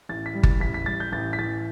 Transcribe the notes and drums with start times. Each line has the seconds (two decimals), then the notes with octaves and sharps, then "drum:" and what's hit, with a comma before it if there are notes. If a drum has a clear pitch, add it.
0.09 A1 A6
0.26 B6
0.34 G3
0.43 A6, drum: kick G1
0.60 A1 B6
0.74 B6
0.86 G3 A6
1.00 G6
1.12 A1 A6
1.33 B6
1.39 A1 A6